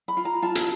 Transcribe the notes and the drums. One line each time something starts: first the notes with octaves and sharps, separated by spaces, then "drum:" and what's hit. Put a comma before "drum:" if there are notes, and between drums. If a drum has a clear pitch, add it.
B5
F4
A#5
F4 A5
drum: hi-hat